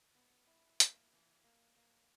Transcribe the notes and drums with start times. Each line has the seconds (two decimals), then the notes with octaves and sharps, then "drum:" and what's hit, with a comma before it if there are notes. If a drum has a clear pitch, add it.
0.15 B3
0.47 E4
0.80 A#3, drum: hi-hat
1.13 E3
1.44 A#3
1.77 A#3